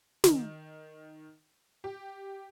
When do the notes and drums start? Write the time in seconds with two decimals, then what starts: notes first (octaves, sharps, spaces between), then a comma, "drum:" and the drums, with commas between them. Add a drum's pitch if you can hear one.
0.24 D#3, drum: snare
1.84 G4